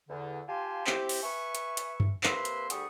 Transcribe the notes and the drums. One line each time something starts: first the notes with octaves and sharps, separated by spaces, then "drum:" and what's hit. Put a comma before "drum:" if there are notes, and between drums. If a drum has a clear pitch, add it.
E2 D3
F4 G4 F5 G#5 A5 C6
C4 E4 G4, drum: clap
drum: open hi-hat
B4 E5 G#5 C#6
drum: hi-hat
drum: hi-hat
drum: tom G2
C3 A#3 B4 E5 C6, drum: clap
drum: hi-hat
D2 G3 G#4 F#5 C#6 D#6, drum: hi-hat